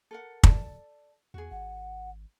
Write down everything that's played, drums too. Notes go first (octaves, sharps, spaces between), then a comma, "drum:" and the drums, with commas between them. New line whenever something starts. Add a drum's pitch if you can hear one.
A4 A#4 F#5
A4 D5 A5, drum: kick
E2 F#4 G#4
G#1 F#5